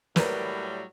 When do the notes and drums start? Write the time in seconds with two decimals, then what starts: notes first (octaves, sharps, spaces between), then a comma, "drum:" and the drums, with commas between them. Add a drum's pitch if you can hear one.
0.16 A2 F#3 G3 A#4 B4, drum: snare